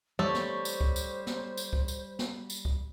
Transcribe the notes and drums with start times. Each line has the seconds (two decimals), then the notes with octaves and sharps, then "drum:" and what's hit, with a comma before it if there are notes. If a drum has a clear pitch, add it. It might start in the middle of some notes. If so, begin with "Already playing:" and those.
0.19 G3 A3 C5 C#5
0.34 drum: snare
0.65 drum: tambourine
0.81 drum: kick C#2
0.96 drum: tambourine
1.27 drum: snare
1.57 drum: tambourine
1.73 drum: kick C#2
1.88 drum: tambourine
2.19 drum: snare
2.50 drum: tambourine
2.65 drum: kick C#2